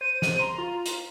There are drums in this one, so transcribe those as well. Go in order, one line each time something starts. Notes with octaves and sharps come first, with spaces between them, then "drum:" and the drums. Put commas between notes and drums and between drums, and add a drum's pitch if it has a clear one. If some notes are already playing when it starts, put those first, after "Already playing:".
C5 D#7
drum: snare
A#5 C6
F4
drum: hi-hat